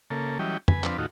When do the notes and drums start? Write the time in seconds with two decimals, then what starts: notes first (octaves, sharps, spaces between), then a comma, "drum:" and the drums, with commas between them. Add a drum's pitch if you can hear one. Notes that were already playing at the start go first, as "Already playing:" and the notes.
0.10 C#3 A#3 A4
0.39 E3 F#3 G3 C#4 D#5 G5
0.68 B4 G#5, drum: tom F2
0.84 F3 C4 D4 B4, drum: clap
0.98 D#2 A2 D#4 F4 F#4